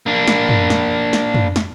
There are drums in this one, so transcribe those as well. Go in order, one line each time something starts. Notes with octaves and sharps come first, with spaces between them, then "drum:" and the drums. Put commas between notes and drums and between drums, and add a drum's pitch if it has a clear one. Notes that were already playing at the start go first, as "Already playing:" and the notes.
A#3 D4
drum: snare
drum: tom
drum: snare
drum: snare
drum: tom
drum: snare